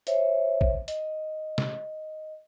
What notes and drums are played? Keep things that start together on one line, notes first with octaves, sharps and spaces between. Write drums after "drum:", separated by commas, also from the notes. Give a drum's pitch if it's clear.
C5 C#5 E5, drum: hi-hat
drum: kick
D#5, drum: hi-hat
drum: snare